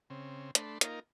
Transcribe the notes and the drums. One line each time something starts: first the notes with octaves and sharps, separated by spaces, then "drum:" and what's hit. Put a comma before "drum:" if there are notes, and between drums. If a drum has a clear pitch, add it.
C#3 C4
A3 D4 B5 C6, drum: hi-hat
A#3 D#4 F4 A#4, drum: hi-hat